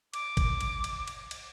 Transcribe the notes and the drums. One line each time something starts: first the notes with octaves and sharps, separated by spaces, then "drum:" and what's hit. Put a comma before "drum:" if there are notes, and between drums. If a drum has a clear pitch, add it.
D6, drum: cymbal
drum: kick, cymbal
drum: cymbal
drum: cymbal
drum: cymbal
drum: cymbal